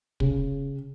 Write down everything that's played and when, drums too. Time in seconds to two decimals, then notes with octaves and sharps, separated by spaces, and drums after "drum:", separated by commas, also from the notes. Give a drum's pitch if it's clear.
0.20 C#3, drum: kick